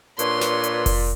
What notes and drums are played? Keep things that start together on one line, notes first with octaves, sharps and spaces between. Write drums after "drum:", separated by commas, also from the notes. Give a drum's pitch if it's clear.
A#2 D4 B4 C#5 C6, drum: hi-hat
drum: snare
drum: hi-hat
drum: kick F1, open hi-hat